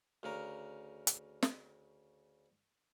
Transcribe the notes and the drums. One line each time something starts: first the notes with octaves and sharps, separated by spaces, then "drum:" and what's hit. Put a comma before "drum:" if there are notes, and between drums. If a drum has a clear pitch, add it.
D2 C#3 A#4
drum: hi-hat
drum: snare